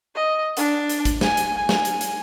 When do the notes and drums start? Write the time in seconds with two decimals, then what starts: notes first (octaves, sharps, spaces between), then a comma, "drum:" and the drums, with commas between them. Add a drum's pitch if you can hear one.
0.15 D#5
0.57 D4, drum: hi-hat
0.89 drum: hi-hat
1.05 drum: kick, hi-hat
1.21 G#5, drum: snare
1.37 drum: hi-hat
1.56 G#5
1.69 drum: snare
1.85 drum: hi-hat
2.01 drum: hi-hat